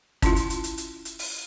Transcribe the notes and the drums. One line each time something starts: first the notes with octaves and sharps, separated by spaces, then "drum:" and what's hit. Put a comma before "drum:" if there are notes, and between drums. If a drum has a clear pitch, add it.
C#4 E4 F4, drum: kick, hi-hat
drum: hi-hat
drum: hi-hat
drum: hi-hat
drum: hi-hat
drum: hi-hat
drum: open hi-hat